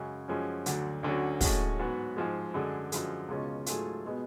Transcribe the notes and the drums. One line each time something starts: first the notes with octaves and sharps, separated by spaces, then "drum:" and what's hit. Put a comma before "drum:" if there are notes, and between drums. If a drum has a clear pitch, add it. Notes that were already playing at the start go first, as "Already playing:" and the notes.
Already playing: F#2 C#3 G#3
F#2 F3 G#3 C#4
D2 D3 F#3, drum: hi-hat
D2 D3 F#3 C#4 F#4
A2 G#3 C#4 F#4, drum: kick, open hi-hat
G#2 F#3 B3 F#4
G#2 F3 G#3
F#2 D3 G#3 D4 G#4
F#2 D3 F3 G#3, drum: hi-hat
C#2 B2 G#3 C#4 F4
G#2 F#3 A3 F4 G#4, drum: hi-hat
B2 G#3 B3